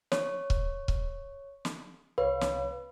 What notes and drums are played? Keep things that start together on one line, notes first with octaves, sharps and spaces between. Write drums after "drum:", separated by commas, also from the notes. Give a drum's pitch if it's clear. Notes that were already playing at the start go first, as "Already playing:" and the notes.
C#5, drum: snare
drum: kick C#1
drum: kick C#1
drum: snare
C2 B4 C#5 F5
drum: snare